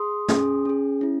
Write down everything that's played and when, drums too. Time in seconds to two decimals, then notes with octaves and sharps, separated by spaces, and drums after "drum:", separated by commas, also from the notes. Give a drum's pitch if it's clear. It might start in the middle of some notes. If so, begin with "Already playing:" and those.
Already playing: G#4 C6 D#6
0.28 C#4 G#4, drum: snare
0.65 C#4 G#4
1.01 C#4 E4